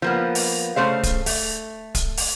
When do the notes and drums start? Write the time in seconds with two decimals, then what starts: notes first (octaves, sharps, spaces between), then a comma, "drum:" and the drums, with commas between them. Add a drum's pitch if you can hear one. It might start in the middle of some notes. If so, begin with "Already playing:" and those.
0.02 F3 A#3 B3
0.35 drum: open hi-hat
0.76 C#3 A3 C5 F5
1.03 drum: kick D1, hi-hat
1.26 A3, drum: open hi-hat
1.95 drum: kick D1, hi-hat
2.17 drum: open hi-hat